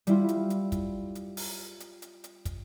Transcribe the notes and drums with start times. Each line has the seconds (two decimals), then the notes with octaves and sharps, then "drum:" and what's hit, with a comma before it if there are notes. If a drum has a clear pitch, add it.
0.07 G3 E4 F4, drum: hi-hat
0.29 drum: hi-hat
0.50 drum: hi-hat
0.72 drum: kick, hi-hat
1.15 drum: hi-hat
1.37 drum: open hi-hat
1.80 drum: hi-hat
2.02 drum: hi-hat
2.24 drum: hi-hat
2.45 drum: kick, hi-hat